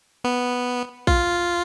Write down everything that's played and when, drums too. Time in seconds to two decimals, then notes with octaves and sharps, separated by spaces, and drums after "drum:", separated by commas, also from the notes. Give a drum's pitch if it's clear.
0.24 B3
1.07 F4, drum: kick A#1